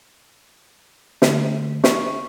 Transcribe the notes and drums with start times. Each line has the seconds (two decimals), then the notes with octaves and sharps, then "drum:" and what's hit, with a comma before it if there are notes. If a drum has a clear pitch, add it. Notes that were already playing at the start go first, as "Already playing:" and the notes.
1.22 D3 A3, drum: snare
1.84 C#6, drum: snare